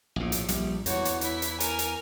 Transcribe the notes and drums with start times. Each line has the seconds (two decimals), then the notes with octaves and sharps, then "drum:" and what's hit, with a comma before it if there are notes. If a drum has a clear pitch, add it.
0.16 A#1 A2
0.32 drum: hi-hat
0.49 A#1 G3, drum: hi-hat
0.86 E2 F#4 C#5, drum: hi-hat
1.05 drum: hi-hat
1.21 E4 B6, drum: hi-hat
1.42 drum: hi-hat
1.60 A#4 G#5, drum: hi-hat
1.79 drum: hi-hat